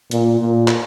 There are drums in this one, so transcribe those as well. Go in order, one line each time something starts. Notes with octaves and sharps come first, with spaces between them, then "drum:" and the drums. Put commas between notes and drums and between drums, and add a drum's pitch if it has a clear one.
A#2, drum: hi-hat
A#2
drum: clap